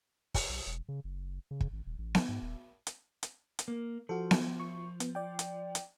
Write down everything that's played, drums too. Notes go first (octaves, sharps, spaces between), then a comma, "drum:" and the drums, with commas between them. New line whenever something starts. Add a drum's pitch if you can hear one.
drum: kick, open hi-hat
B1
E1
C#3
F#1
C#3
drum: kick
G#1
D#1
A1
drum: snare B3
G#2
D#1
drum: hi-hat
drum: hi-hat
drum: hi-hat
A#3
F3 F#4 A4
drum: snare B3
C#6
B3, drum: hi-hat
D5 G5
drum: hi-hat
drum: hi-hat